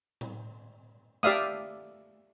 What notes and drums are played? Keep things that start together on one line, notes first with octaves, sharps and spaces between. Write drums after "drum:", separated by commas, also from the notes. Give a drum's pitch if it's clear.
drum: tom A2
G4 D5 E5 F5 D#6, drum: snare